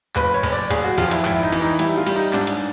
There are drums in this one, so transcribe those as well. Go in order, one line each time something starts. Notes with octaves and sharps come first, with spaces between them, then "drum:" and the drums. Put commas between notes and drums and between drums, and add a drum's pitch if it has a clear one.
F#1 B4, drum: clap
C#5
F#1, drum: cymbal
D5
F#1 G#4, drum: cymbal
F#4
F2 F4, drum: cymbal
E4, drum: cymbal
G#1 E4, drum: clap
D#4
E3, drum: cymbal
D#4
G3 E4, drum: cymbal
F4
G3, drum: cymbal
D#4
G#2 D4, drum: clap
drum: cymbal